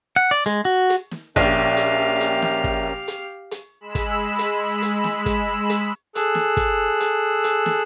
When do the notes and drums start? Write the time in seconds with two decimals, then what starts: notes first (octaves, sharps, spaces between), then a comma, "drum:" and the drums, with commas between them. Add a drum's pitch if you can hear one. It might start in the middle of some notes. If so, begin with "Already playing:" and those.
0.16 F#5
0.31 D5
0.46 G#3, drum: hi-hat
0.65 F#4
0.90 drum: hi-hat
1.11 drum: snare
1.36 A#1 C#4 G4 A#4 E5 F5 G5, drum: kick, hi-hat
1.77 drum: hi-hat
2.20 drum: hi-hat
2.42 drum: snare
2.64 drum: kick
3.08 drum: hi-hat
3.51 drum: hi-hat
3.81 G#3 B5 E6 E7
3.95 drum: kick, hi-hat
4.39 drum: hi-hat
4.82 drum: hi-hat
5.04 drum: snare
5.26 drum: kick, hi-hat
5.69 drum: hi-hat
6.15 G#4 A4 E6 F#6, drum: hi-hat
6.35 drum: snare
6.57 drum: kick, hi-hat
7.00 drum: hi-hat
7.44 drum: hi-hat
7.66 drum: snare